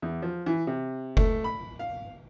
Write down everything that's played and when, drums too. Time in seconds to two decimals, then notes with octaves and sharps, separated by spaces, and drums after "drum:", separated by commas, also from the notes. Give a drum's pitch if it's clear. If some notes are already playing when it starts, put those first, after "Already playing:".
0.02 E2
0.22 F3
0.46 E3
0.67 C3
1.17 A3, drum: kick F1
1.44 B5
1.79 F5